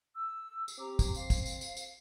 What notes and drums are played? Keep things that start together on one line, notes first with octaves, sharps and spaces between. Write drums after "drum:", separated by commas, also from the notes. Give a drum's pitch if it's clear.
E6
drum: tambourine
C4 G4 A#5 D6
drum: kick, tambourine
F5, drum: tambourine
drum: kick, tambourine
drum: tambourine
drum: tambourine
drum: tambourine